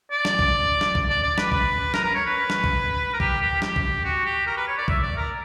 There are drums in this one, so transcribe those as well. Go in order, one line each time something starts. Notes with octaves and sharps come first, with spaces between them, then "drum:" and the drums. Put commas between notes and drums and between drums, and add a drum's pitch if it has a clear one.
D5
drum: snare
drum: kick
drum: snare
drum: kick
D5
D5
B4, drum: snare
B4, drum: kick
A#4, drum: snare
A#4
C#5
B4
drum: snare
drum: kick
A#4
G4, drum: kick
G4
G4, drum: snare
drum: kick
F#4
G4
A#4
B4
C#5
D5
E5, drum: kick
D5
A#4